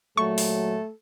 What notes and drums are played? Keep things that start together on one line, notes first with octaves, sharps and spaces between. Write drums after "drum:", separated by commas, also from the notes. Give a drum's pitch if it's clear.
A#2 F#3 A3 A4 C#6
drum: open hi-hat